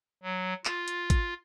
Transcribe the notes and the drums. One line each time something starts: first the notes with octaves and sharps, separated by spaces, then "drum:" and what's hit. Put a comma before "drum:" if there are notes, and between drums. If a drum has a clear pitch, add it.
F#3
F4, drum: clap
drum: hi-hat
drum: kick, hi-hat